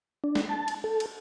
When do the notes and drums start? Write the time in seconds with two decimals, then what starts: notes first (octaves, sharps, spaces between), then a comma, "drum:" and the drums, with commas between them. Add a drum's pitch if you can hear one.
0.24 D4
0.35 drum: snare
0.49 A5
0.68 drum: cymbal
0.84 A4
1.00 drum: cymbal